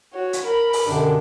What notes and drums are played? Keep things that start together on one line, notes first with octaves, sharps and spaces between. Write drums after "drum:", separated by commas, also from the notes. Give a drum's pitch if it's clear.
F#4 C#5
drum: hi-hat
A#4 B5
drum: open hi-hat
F#2 B2 D3 D4 G4